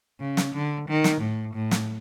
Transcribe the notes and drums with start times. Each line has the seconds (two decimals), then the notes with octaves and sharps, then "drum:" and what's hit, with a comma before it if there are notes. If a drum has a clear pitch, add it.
0.20 C#3
0.37 drum: snare
0.54 D3
0.88 D#3
1.04 drum: snare
1.21 A2
1.54 A2
1.71 drum: snare